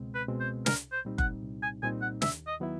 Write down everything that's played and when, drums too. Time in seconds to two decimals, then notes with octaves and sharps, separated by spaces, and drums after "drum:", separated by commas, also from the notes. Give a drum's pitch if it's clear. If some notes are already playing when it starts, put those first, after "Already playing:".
Already playing: C#2 B2 G#3 C4
0.15 B4
0.28 B2 G#3 C4
0.40 C5
0.66 C2 A#4, drum: snare
0.92 C5
1.05 A#2 G3 C4 D#4
1.18 F#5, drum: kick F#1
1.43 C2
1.63 G#5
1.82 A#2 G3 C4 D#4 G#5
2.02 F#5
2.22 D#2 E5, drum: snare
2.47 D#5
2.60 D#3 F#3 B3 E4